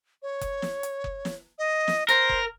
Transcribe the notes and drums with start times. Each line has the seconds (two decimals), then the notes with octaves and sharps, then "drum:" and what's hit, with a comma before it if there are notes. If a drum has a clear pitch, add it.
0.22 C#5
0.41 drum: kick F#1, hi-hat
0.62 drum: snare
0.83 drum: hi-hat
1.04 drum: kick F#1
1.25 drum: snare
1.58 D#5
1.88 drum: snare
2.09 A#4 C5, drum: hi-hat
2.29 drum: kick F#1